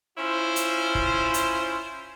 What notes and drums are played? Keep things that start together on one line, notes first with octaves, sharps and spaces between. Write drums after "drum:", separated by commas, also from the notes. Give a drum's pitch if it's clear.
C#4 E4 F4 C5
drum: hi-hat
drum: kick
drum: hi-hat